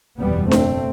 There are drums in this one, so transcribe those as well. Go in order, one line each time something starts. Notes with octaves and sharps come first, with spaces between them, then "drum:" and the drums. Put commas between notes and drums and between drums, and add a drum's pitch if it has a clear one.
F#1 E2 B2 G3 B3
A3 C4, drum: snare D4